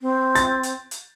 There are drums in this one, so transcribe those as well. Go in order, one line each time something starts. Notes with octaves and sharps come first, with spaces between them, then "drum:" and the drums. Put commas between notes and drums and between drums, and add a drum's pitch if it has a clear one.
C4
A6, drum: hi-hat
drum: hi-hat
drum: hi-hat